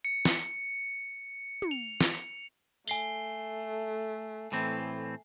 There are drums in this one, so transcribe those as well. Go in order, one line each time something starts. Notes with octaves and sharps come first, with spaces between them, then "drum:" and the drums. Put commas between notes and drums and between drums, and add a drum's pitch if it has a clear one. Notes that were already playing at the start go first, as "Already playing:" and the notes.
C#7
drum: snare
drum: tom
F7
drum: snare
A3 G#5 C7 G7, drum: tambourine
A2 E3 A3 C4